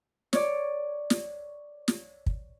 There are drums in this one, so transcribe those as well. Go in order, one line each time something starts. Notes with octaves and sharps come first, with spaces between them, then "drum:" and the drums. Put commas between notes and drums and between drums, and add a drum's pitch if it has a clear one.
C#5 D5, drum: snare
drum: snare
drum: snare
drum: kick